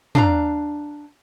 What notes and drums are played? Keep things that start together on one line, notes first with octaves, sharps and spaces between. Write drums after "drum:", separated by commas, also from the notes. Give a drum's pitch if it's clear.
D4 F5 A#5, drum: tom